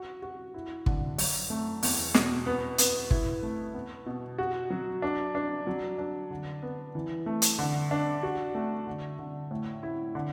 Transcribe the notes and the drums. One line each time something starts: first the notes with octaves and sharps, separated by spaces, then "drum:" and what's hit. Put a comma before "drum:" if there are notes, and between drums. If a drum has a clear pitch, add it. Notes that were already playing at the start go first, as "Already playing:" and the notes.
Already playing: F#4
F#4
E4
D3, drum: kick
F#2, drum: open hi-hat
A3
E2, drum: open hi-hat
B2, drum: snare
B3
B3, drum: hi-hat
E4, drum: kick
A3
B3
B2
F#4
F#3
D4
D4
F#3
D4
D3
B3
E3
A3
drum: hi-hat
D3
D4
F#4
A3
D3
D3
A2
E4
D3